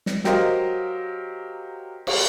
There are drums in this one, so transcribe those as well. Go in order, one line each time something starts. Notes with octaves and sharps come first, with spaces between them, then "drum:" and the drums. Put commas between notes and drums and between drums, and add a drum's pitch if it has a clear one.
drum: snare
F#3 G4 A#4 C5 D#5 F5, drum: snare
drum: cymbal